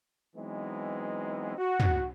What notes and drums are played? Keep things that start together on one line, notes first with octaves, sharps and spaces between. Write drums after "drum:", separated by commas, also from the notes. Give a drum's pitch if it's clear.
E3 F#3 G#3 B3 C4 D#4
F#4
drum: tom